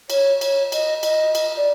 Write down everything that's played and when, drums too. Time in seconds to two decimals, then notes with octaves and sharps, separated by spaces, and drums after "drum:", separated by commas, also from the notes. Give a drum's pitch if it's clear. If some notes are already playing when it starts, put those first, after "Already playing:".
0.10 C#5, drum: cymbal
0.41 C#5, drum: cymbal
0.72 D#5, drum: cymbal
1.03 D#5, drum: cymbal
1.35 drum: cymbal
1.57 D5